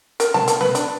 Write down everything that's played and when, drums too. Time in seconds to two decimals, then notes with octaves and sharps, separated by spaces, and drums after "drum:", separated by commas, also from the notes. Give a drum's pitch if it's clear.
0.20 A#4, drum: hi-hat
0.34 A5, drum: snare
0.48 A#3, drum: hi-hat
0.61 B4, drum: snare
0.75 D4, drum: hi-hat